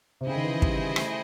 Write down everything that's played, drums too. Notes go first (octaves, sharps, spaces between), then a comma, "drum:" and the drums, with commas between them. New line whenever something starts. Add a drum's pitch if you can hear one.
C3
C#3 E4 G#4 C5 D#5 G5
D#3
E3
G3, drum: kick
A3, drum: rim click